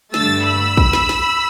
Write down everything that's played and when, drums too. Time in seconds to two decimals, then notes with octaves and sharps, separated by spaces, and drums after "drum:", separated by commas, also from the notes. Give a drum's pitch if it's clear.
0.14 G2 D3 A3 E6 A6, drum: snare
0.46 B5 E6
0.77 drum: kick
0.93 drum: snare
1.09 drum: snare